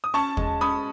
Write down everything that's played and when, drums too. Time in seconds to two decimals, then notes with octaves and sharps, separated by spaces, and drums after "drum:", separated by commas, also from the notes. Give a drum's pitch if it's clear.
0.04 D#6
0.14 C#4 A5 C#6
0.37 G#3, drum: kick
0.61 C#4 B5 D#6